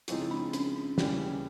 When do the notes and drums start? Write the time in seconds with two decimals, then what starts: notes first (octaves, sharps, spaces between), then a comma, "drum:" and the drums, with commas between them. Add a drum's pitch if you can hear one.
0.08 C#3 F3 G#3 C4 D#4 E4, drum: hi-hat
0.31 D4
0.53 C#4, drum: hi-hat
0.76 C#4
0.98 D#2 C#3 E3 G3 C#4, drum: snare
1.20 C#4